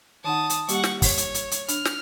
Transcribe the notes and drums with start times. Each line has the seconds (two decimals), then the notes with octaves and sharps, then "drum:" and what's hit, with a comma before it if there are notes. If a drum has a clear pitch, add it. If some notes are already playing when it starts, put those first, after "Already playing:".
0.24 D#3 D#4 F#5 A5 D#6
0.50 drum: hi-hat
0.69 G3 A#3 G4 F#5 C#6, drum: hi-hat
0.84 drum: snare
1.02 C#5, drum: kick, open hi-hat
1.17 drum: hi-hat
1.34 drum: hi-hat
1.51 drum: hi-hat
1.68 D4 F6, drum: hi-hat
1.85 drum: snare